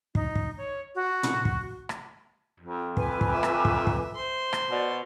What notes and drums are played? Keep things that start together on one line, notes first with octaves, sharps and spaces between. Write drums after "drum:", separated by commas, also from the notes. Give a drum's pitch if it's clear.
D#4, drum: kick
drum: kick
C#5
F#4
drum: tom
drum: kick
drum: rim click
F2
B4 G#5 D6, drum: kick
drum: kick
E5
drum: rim click
drum: kick
drum: kick
C5 C6
drum: rim click
B2 D5